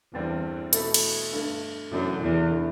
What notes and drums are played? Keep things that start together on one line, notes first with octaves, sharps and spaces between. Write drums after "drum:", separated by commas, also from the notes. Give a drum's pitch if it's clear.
E2 G2 D3 G3 C4
B2 A3 E4 A4, drum: hi-hat
drum: cymbal
G2 D3 A3
F#2 C3 E3 A3 D4
E2
D3 A3 E4